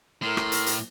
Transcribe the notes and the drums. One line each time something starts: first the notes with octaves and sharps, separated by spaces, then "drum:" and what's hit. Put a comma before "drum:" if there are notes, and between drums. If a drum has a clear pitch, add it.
A2 E4 A4 A#4 C6
drum: rim click
drum: hi-hat
drum: hi-hat